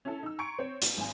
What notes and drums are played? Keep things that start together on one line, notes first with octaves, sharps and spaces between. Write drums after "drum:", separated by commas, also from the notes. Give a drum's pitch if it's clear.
C#4 E4 A4
D#4 E6
A#5 C6 C#6 G#6 C#7 D7
C4 C#5
A#1, drum: hi-hat
G#1 G#5